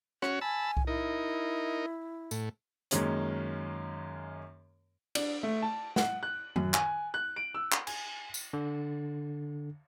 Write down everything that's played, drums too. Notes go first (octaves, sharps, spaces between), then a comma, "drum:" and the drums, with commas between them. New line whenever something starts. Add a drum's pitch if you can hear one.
C#4 F#4 C#5, drum: rim click
G#5 A5 B5 E6
drum: kick C2
D#4 E4 A#4
A2, drum: tambourine
F#2 D#3 G#3 A#3 C#4, drum: hi-hat
D4, drum: cymbal
A3
A5
F#5, drum: snare
F#6
F#2, drum: tom D#3
G#5, drum: clap
F#6
D7
E6
drum: clap
G#5, drum: cymbal
drum: tambourine
D3